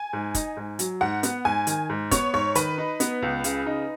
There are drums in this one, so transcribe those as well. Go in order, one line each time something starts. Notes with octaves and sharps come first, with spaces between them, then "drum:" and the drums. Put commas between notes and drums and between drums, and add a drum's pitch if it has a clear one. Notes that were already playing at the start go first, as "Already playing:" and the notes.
Already playing: G#5
G#2
D#4, drum: kick, hi-hat
G#2
F#3, drum: hi-hat
G#2 F#5
B3, drum: hi-hat
G#2 G#5
D#3, drum: hi-hat
G#2
B3 C#5, drum: kick, hi-hat
G#2 C#5
D#3 B4, drum: hi-hat
D#4
B3, drum: hi-hat
C#2
C#3, drum: hi-hat
D#4